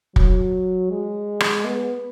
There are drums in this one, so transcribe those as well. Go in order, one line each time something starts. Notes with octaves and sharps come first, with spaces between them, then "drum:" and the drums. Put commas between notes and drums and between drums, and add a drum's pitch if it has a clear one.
F#3, drum: kick
G#3
drum: rim click
B3